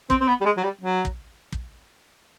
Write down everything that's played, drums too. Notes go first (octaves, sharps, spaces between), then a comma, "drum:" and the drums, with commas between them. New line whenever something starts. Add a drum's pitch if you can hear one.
C4, drum: kick
C4
B3
G3
G#3
F#3
G3
F#3
drum: kick
drum: kick